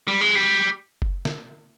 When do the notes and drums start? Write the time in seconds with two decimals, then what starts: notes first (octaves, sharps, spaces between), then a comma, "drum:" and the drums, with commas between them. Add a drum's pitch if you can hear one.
0.08 G3
0.21 G#3
0.35 G3
1.02 drum: kick F#1
1.25 drum: snare